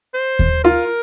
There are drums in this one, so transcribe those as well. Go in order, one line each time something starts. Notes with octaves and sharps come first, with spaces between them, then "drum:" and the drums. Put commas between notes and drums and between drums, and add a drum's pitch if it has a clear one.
C5
drum: kick D#2
F4 A#4